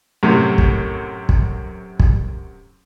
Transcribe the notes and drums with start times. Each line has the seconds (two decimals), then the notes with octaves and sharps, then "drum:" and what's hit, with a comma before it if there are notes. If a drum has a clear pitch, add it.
0.23 F#2 A2 C3
0.58 drum: kick
1.29 drum: kick
2.00 drum: kick